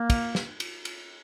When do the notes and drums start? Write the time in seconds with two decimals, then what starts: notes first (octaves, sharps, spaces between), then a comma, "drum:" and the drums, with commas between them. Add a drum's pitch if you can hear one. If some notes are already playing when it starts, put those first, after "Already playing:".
Already playing: A#3
0.10 drum: kick, cymbal
0.35 drum: snare
0.60 drum: cymbal
0.85 drum: cymbal